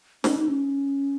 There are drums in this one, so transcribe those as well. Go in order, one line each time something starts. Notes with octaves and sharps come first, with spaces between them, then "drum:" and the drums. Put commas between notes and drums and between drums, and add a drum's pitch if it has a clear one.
C#4, drum: snare
D#4
C#4